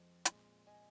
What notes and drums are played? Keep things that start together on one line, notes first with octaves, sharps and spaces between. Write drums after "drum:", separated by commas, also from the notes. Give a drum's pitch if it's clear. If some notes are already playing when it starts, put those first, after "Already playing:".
Already playing: F2 F3 G#3 C4 D#5
A#2 G#3 C4, drum: hi-hat
D#5 G#5